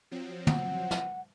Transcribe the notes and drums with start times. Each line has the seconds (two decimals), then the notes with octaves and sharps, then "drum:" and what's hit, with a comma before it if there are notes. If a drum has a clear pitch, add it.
0.11 F3 F#3 C4
0.47 F#5, drum: tom
0.91 drum: snare